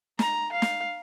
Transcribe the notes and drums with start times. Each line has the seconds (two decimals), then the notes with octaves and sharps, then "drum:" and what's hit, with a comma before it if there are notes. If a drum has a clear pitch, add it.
0.19 A#5, drum: snare
0.52 F5
0.62 drum: snare